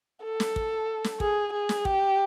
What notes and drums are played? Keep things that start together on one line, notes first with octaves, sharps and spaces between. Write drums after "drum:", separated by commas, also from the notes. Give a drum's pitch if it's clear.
A4
drum: snare
drum: kick
drum: snare
G#4, drum: kick
G#4
drum: snare
G4, drum: kick